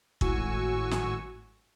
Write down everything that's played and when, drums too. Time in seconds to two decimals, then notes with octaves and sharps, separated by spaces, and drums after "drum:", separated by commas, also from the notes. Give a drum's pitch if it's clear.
0.21 G#1 A2 F#4 G#5 C#6 E6, drum: kick
0.91 drum: snare